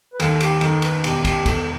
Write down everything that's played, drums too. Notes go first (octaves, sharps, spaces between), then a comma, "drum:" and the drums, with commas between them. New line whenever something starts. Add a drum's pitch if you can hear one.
B4
D#2 A4, drum: cymbal
G4, drum: cymbal
D#3 A4, drum: cymbal
B4, drum: cymbal
E1 G4, drum: cymbal
G4, drum: kick, cymbal
E1 A4, drum: kick, cymbal